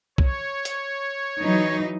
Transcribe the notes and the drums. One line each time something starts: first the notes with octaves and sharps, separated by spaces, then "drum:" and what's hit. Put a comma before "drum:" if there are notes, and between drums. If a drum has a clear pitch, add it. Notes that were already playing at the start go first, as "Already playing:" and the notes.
C#5, drum: kick B1
drum: hi-hat
E3 F#3 D#4